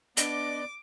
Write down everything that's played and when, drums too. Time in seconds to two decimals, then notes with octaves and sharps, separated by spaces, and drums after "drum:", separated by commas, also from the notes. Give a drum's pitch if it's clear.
0.17 B3 D4 D5 D#5 D6, drum: hi-hat